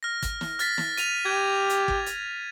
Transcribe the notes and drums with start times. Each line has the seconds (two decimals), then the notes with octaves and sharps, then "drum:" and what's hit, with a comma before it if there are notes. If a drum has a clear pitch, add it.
0.03 F6 A#6
0.23 drum: kick, hi-hat
0.41 drum: snare
0.59 F6 A6 B6, drum: hi-hat
0.78 drum: snare
0.98 D#7 F7, drum: hi-hat
1.25 G4 G#6
1.70 drum: hi-hat
1.88 drum: kick
2.06 drum: hi-hat